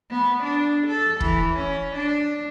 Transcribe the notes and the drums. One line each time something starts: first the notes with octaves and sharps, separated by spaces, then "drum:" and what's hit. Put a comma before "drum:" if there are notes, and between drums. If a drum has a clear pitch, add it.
B3
D4
A4
E3, drum: kick
C#4
D4